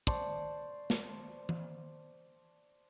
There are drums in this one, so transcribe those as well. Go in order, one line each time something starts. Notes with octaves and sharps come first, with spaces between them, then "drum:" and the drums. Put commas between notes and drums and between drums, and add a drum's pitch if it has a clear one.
C5 D5 A5 C#6, drum: kick
drum: snare
drum: tom E3